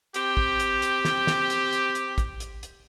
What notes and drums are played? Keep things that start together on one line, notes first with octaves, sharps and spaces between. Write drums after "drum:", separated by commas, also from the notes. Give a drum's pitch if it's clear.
C4 G4, drum: hi-hat
drum: kick
drum: hi-hat
drum: hi-hat
drum: snare
drum: snare
drum: hi-hat
drum: hi-hat
drum: hi-hat
drum: kick, hi-hat
drum: hi-hat
drum: hi-hat